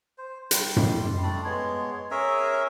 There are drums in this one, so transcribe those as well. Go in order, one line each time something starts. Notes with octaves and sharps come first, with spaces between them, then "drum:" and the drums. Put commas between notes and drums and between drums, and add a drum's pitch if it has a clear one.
C5
G3 C6, drum: hi-hat
drum: tom F#2
G3 A3 D4 D5
G#3 B3 C#5 C6
C#4 G#4 A#4 E5